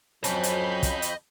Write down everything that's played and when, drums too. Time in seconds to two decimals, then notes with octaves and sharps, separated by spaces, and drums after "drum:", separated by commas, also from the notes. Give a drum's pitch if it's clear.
0.24 F2 F#3 C#4 C5 D#5 A5 B5 G6, drum: hi-hat
0.43 drum: hi-hat
0.83 drum: kick, hi-hat
1.02 drum: hi-hat